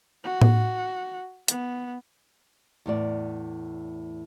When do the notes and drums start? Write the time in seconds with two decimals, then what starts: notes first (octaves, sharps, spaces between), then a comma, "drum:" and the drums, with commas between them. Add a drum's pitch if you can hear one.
0.24 F#4
0.41 drum: tom A2
1.48 B3, drum: hi-hat
2.86 E2 A2 D5